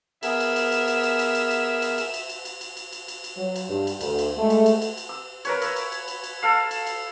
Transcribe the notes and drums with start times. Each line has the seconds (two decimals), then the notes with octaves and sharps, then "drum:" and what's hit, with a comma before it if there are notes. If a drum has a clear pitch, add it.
0.23 B3 G#4 A#4 E5, drum: cymbal
0.40 drum: cymbal
0.56 drum: cymbal
0.72 drum: cymbal
0.88 drum: cymbal
1.03 drum: cymbal
1.19 drum: cymbal
1.35 drum: cymbal
1.51 drum: cymbal
1.82 drum: cymbal
1.98 drum: cymbal
2.14 drum: cymbal
2.30 drum: cymbal
2.45 drum: cymbal
2.61 drum: cymbal
2.77 drum: cymbal
2.93 drum: cymbal
3.08 drum: cymbal
3.24 drum: cymbal
3.36 F#3
3.56 drum: cymbal
3.68 G2
3.87 drum: cymbal
4.01 D2, drum: cymbal
4.19 drum: cymbal
4.37 G#3 A3
4.50 drum: cymbal
4.66 drum: cymbal
4.82 drum: cymbal
4.97 drum: cymbal
5.09 E6
5.45 A#4 B4 C#5, drum: cymbal
5.62 B4 E5, drum: cymbal
5.76 drum: cymbal
5.92 drum: cymbal
6.08 drum: cymbal
6.24 drum: cymbal
6.43 A4 F5
6.71 drum: cymbal
6.87 drum: cymbal